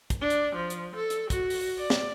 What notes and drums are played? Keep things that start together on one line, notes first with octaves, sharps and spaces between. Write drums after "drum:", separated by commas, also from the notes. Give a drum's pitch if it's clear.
drum: kick, hi-hat
D4
drum: hi-hat
F3
drum: hi-hat
A4
drum: hi-hat
F#4, drum: kick, hi-hat
drum: open hi-hat
D5
drum: snare